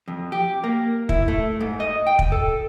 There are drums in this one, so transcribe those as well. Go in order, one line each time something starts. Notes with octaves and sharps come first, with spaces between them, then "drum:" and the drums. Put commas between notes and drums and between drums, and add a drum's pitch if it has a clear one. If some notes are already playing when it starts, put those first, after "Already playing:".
F2
G4
A#3
E4, drum: kick
A3
G#2
D#5
G5
drum: kick
A4